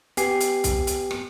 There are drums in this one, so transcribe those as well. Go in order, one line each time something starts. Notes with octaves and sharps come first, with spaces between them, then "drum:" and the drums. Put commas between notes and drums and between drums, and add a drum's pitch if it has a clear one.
B3 G4 G#5 C7, drum: hi-hat
drum: hi-hat
drum: kick C2, hi-hat
drum: hi-hat
drum: rim click